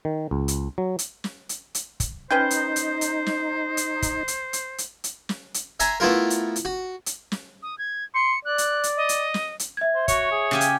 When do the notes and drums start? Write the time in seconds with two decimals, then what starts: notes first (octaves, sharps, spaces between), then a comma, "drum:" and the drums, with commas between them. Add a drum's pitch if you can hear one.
0.05 D#3
0.31 C#2
0.48 drum: hi-hat
0.78 F#3
0.99 drum: hi-hat
1.24 drum: snare
1.49 drum: hi-hat
1.75 drum: hi-hat
2.00 drum: kick, hi-hat
2.31 C#4 D#4 B4 C5 G5 G6
2.51 drum: hi-hat
2.76 drum: hi-hat
3.01 drum: hi-hat
3.26 drum: snare
3.77 drum: hi-hat
4.02 drum: kick, hi-hat
4.28 drum: hi-hat
4.53 drum: hi-hat
4.78 drum: hi-hat
5.04 drum: hi-hat
5.29 drum: snare
5.54 drum: hi-hat
5.80 E5 G#5 A#5 C6, drum: hi-hat
6.00 A3 B3 E4 F4 A#4
6.30 drum: hi-hat
6.56 drum: hi-hat
6.65 F#4
7.06 drum: hi-hat
7.32 drum: snare
7.63 D#6
7.78 G#6
8.15 C6 C#7
8.45 D5 F#6
8.58 drum: hi-hat
8.84 drum: hi-hat
8.97 D#5
9.09 drum: hi-hat
9.34 drum: snare
9.59 drum: hi-hat
9.77 E5 G#6
9.95 C5
10.08 F#4 C#5, drum: kick, hi-hat
10.32 G#4
10.51 C#3 G4 G#5
10.61 drum: hi-hat